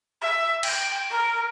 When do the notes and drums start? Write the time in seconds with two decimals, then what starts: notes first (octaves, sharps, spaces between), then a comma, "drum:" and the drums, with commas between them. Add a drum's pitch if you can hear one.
0.22 E5
0.63 G5, drum: cymbal
1.10 A#4